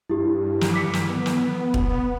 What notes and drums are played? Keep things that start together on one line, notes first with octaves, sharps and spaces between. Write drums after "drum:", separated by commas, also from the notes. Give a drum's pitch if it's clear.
G2 E4 G4
drum: snare
D6 B6 C#7
drum: snare
B3
drum: snare
drum: kick